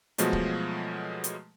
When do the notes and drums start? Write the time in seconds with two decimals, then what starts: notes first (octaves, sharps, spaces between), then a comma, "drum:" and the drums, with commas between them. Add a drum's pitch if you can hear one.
0.18 B2 F3 F#3 G#3 A3, drum: hi-hat
0.33 drum: kick D1
1.24 drum: hi-hat